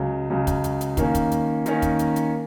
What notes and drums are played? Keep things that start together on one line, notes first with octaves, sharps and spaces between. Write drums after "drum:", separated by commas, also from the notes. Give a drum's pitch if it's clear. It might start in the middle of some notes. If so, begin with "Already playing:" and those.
Already playing: C#2 C#3 F#3
C#2 C#3 F#3
drum: kick, hi-hat
drum: hi-hat
drum: hi-hat
D#3 A#3 C#4, drum: kick, hi-hat
drum: kick, hi-hat
drum: hi-hat
D#3 A#3 C#4, drum: hi-hat
drum: kick, hi-hat
drum: hi-hat
drum: hi-hat